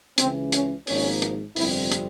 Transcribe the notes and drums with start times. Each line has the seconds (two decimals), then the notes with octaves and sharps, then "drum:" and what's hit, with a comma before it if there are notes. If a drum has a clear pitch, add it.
0.18 C#2 C#3 E3 C4, drum: hi-hat
0.52 C#4, drum: hi-hat
0.87 G#1 G#2 F3 A#3 C#4, drum: open hi-hat
1.22 drum: hi-hat
1.56 G1 F2 C3 G3 C4 E4, drum: open hi-hat
1.92 drum: hi-hat